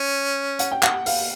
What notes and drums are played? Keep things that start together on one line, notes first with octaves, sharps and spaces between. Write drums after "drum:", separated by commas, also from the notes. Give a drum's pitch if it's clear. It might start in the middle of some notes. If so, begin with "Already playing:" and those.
Already playing: C#4
F#5, drum: hi-hat
G5
F#5, drum: clap
F5, drum: open hi-hat